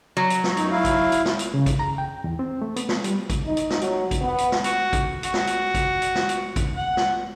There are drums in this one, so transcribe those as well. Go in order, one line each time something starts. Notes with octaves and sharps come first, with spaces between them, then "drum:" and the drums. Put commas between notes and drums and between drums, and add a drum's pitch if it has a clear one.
F#3
drum: hi-hat
drum: snare
F#2 D#4, drum: hi-hat
E4 F5
drum: kick A1, hi-hat
drum: hi-hat
drum: snare
drum: hi-hat
C#3
drum: kick A1, hi-hat
A#5
G5
E2
C4
A3
B3, drum: hi-hat
drum: snare
G3, drum: hi-hat
drum: kick A1, hi-hat
D#4
drum: hi-hat
drum: snare
F#3, drum: hi-hat
drum: kick A1, hi-hat
B3
drum: hi-hat
drum: snare
F#4, drum: hi-hat
drum: kick A1, hi-hat
F#4, drum: hi-hat
drum: snare
drum: hi-hat
drum: kick A1, hi-hat
drum: hi-hat
drum: snare
drum: hi-hat
drum: kick A1, hi-hat
F#5
drum: snare